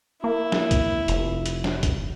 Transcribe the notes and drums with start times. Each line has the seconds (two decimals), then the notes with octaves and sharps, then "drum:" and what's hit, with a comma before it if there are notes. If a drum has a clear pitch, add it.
0.24 A#3 E4
0.52 drum: snare
0.71 drum: kick, hi-hat
1.08 F1, drum: hi-hat
1.46 drum: hi-hat
1.64 drum: snare
1.83 drum: kick, hi-hat